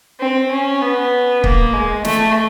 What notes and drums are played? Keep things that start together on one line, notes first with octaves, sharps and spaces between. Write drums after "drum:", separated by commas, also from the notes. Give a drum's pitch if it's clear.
C4
C#4
B3
A#3, drum: kick C#1
G#3
A3, drum: snare